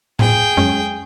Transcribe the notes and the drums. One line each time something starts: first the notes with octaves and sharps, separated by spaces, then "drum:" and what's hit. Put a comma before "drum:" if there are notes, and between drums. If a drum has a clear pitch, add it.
G#4 G5, drum: tom A2
F#2 G#3 C#4